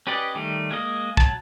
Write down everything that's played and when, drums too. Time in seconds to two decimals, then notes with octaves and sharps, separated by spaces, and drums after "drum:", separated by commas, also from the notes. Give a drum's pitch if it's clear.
0.07 C#4 G4 B4 D5 D#5
0.35 D#3 G3 A3
0.71 G#3 A#3 D#5
1.17 F#3 A5, drum: kick